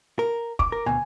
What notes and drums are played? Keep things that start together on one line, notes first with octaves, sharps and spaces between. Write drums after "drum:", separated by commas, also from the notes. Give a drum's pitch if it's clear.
A#4
D6, drum: kick
A#4
D2 B2 G#5